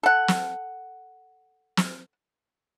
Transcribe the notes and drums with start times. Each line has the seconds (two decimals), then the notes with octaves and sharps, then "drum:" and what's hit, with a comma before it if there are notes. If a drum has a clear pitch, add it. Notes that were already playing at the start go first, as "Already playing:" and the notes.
0.03 A4 F#5
0.28 drum: snare
1.77 drum: snare